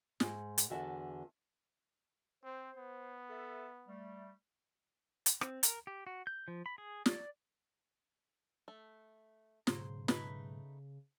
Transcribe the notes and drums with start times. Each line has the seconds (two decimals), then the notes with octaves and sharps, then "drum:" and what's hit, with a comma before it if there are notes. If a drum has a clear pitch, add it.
0.20 G#2, drum: snare
0.58 drum: hi-hat
0.70 E2 D3 F#4 E5 A5
2.44 C4 C5
2.77 B3
3.30 A4 B4 E5
3.88 G3 A3
5.26 drum: hi-hat
5.41 C4, drum: rim click
5.63 A#4, drum: hi-hat
5.87 G4
6.07 F#4
6.27 G6
6.48 F3
6.66 B5
6.78 G#4
7.06 D5, drum: snare
8.68 A3
9.67 B1 G#2 C#3 C5 A#5, drum: snare
10.08 A3 D#4 B4, drum: snare